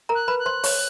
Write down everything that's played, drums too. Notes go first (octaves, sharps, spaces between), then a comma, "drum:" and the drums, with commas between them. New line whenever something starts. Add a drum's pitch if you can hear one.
A#4 A#5
F#6
B4 B5
F#6
C5 C6
C#5 C#6, drum: open hi-hat